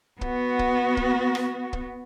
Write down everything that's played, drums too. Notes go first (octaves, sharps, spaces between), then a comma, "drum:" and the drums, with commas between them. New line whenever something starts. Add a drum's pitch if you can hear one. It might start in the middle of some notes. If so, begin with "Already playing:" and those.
B3 F#4, drum: kick
drum: kick
drum: kick
drum: rim click
drum: kick